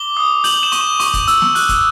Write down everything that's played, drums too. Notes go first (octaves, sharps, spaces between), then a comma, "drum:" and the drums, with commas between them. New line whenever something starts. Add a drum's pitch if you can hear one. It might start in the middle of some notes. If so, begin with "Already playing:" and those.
Already playing: D6 G7
D#6
G6 F#7, drum: open hi-hat
E7
C#6, drum: hi-hat
E7
C#6, drum: open hi-hat
drum: kick, hi-hat
E6, drum: hi-hat
drum: snare
F#6, drum: open hi-hat
drum: kick, hi-hat